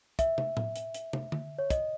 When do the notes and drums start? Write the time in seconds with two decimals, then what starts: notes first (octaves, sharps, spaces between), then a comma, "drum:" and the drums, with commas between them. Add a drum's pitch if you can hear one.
0.19 E5, drum: kick, hi-hat
0.38 drum: tom
0.57 drum: tom A2
0.76 drum: hi-hat
0.94 drum: hi-hat
1.13 drum: tom
1.32 drum: tom D3
1.58 C#5
1.70 D#5, drum: kick, hi-hat